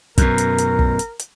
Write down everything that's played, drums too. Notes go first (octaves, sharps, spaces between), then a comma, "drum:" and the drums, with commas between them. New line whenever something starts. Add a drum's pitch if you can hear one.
F#2 B2 A#4, drum: kick, hi-hat
drum: hi-hat
drum: hi-hat
drum: kick
drum: hi-hat
drum: hi-hat